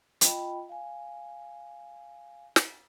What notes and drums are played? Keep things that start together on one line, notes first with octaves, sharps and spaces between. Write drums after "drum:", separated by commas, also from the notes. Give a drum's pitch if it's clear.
F4 D#5 G5 A5 B5, drum: hi-hat
F5 G#5
drum: snare